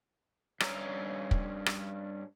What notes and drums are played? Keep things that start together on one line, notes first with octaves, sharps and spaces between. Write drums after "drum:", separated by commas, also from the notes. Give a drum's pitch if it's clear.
G2 C#4 A#5, drum: rim click
drum: kick
drum: rim click